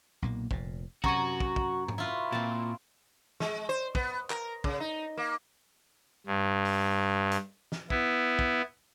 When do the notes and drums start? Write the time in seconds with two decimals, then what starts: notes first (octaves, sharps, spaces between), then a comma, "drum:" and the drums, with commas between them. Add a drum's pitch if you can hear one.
0.22 B1 A#2 A#3
0.51 F1 A#2, drum: kick
1.04 F#2 C3 F#4 G#5 A#5 C#6, drum: kick
1.40 drum: kick
1.56 drum: kick
1.88 drum: tom
1.98 E4 F4 B4
2.32 A#2 C4 A5
3.40 G#3, drum: snare
3.69 C5
3.95 B3, drum: kick
4.30 A#4, drum: clap
4.64 C#3, drum: kick
4.80 D#4
5.18 A#3
6.27 G2
6.65 drum: open hi-hat
7.31 drum: hi-hat
7.72 drum: snare
7.90 B3 E4, drum: kick
8.39 drum: kick